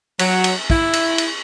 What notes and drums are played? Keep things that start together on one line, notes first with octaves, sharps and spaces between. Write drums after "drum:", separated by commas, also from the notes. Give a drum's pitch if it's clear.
F#3, drum: cymbal
drum: cymbal
E4, drum: kick
drum: cymbal
drum: cymbal